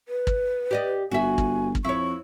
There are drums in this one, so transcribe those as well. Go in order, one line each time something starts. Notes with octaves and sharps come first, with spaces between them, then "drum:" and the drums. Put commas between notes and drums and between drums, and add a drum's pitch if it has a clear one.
B4
drum: kick
G4 D5 D#5
G1 F#4 E5 G#5
drum: kick
drum: kick
F2 E4 C#5 C#6